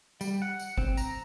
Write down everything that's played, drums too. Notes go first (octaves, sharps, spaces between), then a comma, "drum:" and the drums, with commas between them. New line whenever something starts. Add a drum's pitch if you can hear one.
G3, drum: tambourine
F#5
drum: tambourine
C4, drum: kick
A#5, drum: tambourine